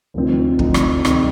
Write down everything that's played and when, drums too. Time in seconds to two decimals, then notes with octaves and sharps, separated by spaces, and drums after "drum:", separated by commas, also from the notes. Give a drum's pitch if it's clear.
0.14 D2 C3 F3 C4 D#4
0.59 D2 C3 F3 C4 D#4, drum: kick
0.74 drum: rim click
1.05 C3 D#3 G3, drum: rim click